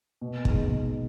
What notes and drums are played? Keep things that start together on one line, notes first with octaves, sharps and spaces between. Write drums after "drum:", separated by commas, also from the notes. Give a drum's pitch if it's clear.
B2
G#3 D#4 G#4, drum: kick
B2